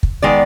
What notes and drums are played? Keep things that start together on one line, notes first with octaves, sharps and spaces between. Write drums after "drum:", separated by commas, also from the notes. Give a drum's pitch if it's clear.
drum: kick
D#3 G#3 B3 D5